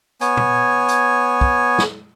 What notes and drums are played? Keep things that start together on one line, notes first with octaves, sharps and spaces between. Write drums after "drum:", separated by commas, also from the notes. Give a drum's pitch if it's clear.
B3 C#5 G#5, drum: hi-hat
drum: tom
drum: hi-hat
drum: kick
drum: snare